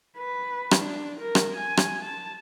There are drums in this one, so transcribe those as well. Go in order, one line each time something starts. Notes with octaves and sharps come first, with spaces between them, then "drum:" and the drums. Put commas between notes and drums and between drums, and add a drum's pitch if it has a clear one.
B4
drum: rim click
D4
A#4
drum: rim click
G#5
drum: rim click
A5